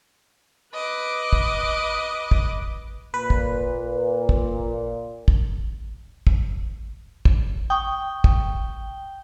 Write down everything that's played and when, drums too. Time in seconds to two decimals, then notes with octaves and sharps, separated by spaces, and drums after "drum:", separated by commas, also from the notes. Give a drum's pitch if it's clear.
0.73 B4 D#5 D6
1.33 drum: kick
2.31 drum: kick
3.14 A#2 B4
3.30 drum: kick
4.29 drum: kick
5.28 drum: kick
6.27 drum: kick
7.25 drum: kick
7.70 G5 C#6 D#6
8.24 drum: kick